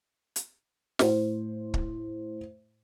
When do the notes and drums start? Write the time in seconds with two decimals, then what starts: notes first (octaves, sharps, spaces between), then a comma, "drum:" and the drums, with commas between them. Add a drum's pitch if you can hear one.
0.36 drum: hi-hat
0.99 A2 C5, drum: snare
1.74 drum: kick